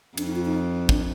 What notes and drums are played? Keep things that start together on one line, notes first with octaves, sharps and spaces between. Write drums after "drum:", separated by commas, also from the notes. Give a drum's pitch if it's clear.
F2 D4, drum: cymbal
D#4
F4
D#4
D4, drum: kick